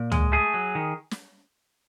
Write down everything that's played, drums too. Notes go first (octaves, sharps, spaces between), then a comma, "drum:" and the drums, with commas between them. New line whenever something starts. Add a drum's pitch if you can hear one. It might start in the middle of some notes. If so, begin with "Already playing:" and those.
Already playing: A#2
G#3, drum: tom
A3 G#4
F#3
D#3
drum: snare